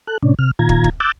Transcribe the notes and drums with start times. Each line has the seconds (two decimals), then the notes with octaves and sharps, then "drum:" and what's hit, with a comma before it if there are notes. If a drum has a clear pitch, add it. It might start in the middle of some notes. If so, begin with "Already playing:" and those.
0.07 A4 F#6
0.23 A2 C3 C#4 D4
0.39 C3 F6
0.59 A#2 D#3 F4 A#5 G#6
0.69 drum: kick
0.84 drum: kick
1.00 D6 E6 F#6 G6 A6